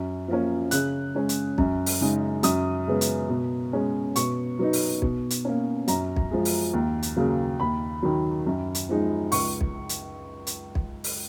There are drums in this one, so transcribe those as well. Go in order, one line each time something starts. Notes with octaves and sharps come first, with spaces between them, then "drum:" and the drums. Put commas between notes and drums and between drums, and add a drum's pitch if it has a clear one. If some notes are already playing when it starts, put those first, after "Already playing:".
Already playing: F#2
F3 A#3 C#4
C#3 F#6, drum: hi-hat
G#3 C#4
drum: hi-hat
F#2, drum: kick B1
drum: open hi-hat
C#3 G#3 D#4
F#2 D#6, drum: hi-hat
C#3 G#3 B3
drum: hi-hat
B2
G#3 C#4
B2 C#6, drum: hi-hat
F#3 B3 D#4
drum: open hi-hat
B2, drum: kick B1
drum: hi-hat
A#3 C#4
F#2 A#5, drum: hi-hat
drum: kick B1
F3 G#3
drum: open hi-hat
D#2
drum: hi-hat
C#3 F#3 A#3
D#2 B5
D#3 F#3
F#2
drum: hi-hat
F3 G#3 D#4
C#2 C#6, drum: open hi-hat
drum: kick B1
drum: hi-hat
drum: hi-hat
drum: kick B1
drum: open hi-hat